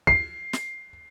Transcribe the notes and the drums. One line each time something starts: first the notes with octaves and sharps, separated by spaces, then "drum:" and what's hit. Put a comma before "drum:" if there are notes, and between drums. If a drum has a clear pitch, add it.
C7, drum: kick
drum: snare